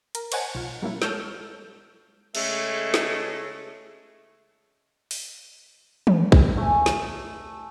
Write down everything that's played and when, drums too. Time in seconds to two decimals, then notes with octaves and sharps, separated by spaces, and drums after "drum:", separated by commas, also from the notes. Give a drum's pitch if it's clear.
0.15 A#4, drum: hi-hat
0.32 C5 C#5 D#5 F#5 G#5 A5, drum: cymbal
0.55 B1 F4
0.82 F#3 G3 A#3 C#4 E4
1.02 G#3 A4 C#5 E6 F6 G6, drum: snare
2.35 C#3 G#3 A3, drum: cymbal
2.94 drum: snare
5.11 drum: open hi-hat
6.07 drum: tom
6.32 drum: kick
6.57 A3 G#5
6.86 drum: snare